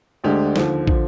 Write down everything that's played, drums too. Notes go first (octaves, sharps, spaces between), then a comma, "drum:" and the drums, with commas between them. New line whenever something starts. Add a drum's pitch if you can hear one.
D2 D3 G#3 D4 G4
D#2 D3 F3, drum: snare
D3 F3, drum: kick